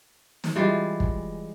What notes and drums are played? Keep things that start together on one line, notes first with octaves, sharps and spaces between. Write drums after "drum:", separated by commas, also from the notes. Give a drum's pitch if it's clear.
drum: snare
E3 G3 G#3 F4
drum: kick